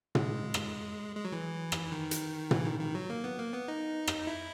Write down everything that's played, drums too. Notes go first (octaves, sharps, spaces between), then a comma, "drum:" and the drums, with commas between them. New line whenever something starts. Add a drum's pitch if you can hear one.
G#3, drum: tom
drum: rim click
G#3
F#3
E3
drum: rim click
D#3
drum: hi-hat
E3, drum: tom
D#3
D#3
F#3
A#3
B3
A#3
B3
D#4
drum: rim click
E4